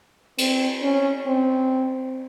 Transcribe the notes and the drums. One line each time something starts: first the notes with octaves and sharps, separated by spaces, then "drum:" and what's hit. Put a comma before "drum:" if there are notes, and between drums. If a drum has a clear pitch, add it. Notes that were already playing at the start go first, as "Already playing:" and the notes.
C4, drum: cymbal
C#4
C4